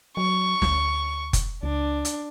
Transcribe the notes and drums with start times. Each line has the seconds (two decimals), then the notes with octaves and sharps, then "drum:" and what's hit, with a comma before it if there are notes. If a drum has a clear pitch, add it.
0.17 F#3 C#6
0.62 D2, drum: snare
1.33 drum: kick F1, hi-hat
1.63 C#2 D4
2.05 drum: hi-hat